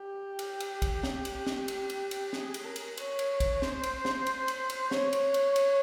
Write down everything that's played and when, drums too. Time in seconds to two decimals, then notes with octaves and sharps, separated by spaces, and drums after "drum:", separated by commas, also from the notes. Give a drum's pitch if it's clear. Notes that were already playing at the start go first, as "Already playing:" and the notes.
Already playing: G4
0.39 drum: cymbal
0.60 drum: cymbal
0.82 drum: kick, cymbal
1.03 drum: snare
1.25 drum: cymbal
1.47 drum: snare
1.68 drum: cymbal
1.90 drum: cymbal
2.11 drum: cymbal
2.33 G#4, drum: snare
2.54 drum: cymbal
2.65 A#4
2.76 drum: cymbal
2.97 C#5, drum: cymbal
3.19 drum: cymbal
3.40 drum: kick, cymbal
3.62 C5, drum: snare
3.83 drum: cymbal
4.05 drum: snare
4.27 drum: cymbal
4.48 drum: cymbal
4.70 drum: cymbal
4.91 C#5, drum: snare
5.13 drum: cymbal
5.34 drum: cymbal
5.56 drum: cymbal